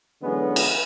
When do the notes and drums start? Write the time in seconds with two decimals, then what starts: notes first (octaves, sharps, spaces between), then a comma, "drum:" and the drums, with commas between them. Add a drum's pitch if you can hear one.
0.22 D3 E3 F#3 G#3 B3 C#4
0.56 drum: cymbal